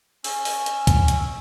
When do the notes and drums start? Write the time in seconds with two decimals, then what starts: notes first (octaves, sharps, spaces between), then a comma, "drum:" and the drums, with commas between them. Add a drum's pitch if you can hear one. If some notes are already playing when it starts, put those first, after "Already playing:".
0.24 C#4 E6, drum: open hi-hat
0.45 drum: open hi-hat
0.66 drum: hi-hat
0.87 drum: kick, hi-hat
1.08 drum: hi-hat